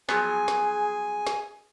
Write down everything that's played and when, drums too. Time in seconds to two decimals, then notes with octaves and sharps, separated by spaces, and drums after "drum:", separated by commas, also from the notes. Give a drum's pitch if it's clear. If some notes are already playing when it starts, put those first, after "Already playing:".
0.09 F3 F#3 B3 G#4 G#5, drum: snare
0.48 drum: snare
1.27 drum: snare